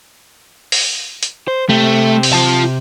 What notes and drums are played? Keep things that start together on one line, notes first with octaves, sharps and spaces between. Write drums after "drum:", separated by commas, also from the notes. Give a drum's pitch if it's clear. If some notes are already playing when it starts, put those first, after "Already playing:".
drum: open hi-hat
drum: hi-hat
C5
C3 A3 G4
drum: open hi-hat
F4 A5